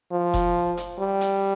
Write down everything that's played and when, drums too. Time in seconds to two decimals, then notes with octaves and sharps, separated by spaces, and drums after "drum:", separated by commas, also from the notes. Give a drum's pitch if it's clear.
0.12 F3
0.34 drum: kick F1, hi-hat
0.77 drum: hi-hat
0.99 G3
1.21 drum: hi-hat